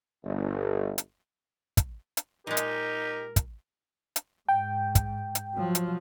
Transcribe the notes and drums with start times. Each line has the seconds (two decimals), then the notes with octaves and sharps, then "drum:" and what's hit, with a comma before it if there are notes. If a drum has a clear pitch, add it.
0.24 G1
0.98 drum: hi-hat
1.77 drum: kick, hi-hat
2.17 drum: hi-hat
2.47 A#2 G#3 D#4 G4 A#4
2.57 drum: hi-hat
3.36 drum: kick, hi-hat
4.16 drum: hi-hat
4.49 G#2 G5
4.95 drum: kick, hi-hat
5.35 drum: hi-hat
5.55 F3 F#3
5.75 drum: hi-hat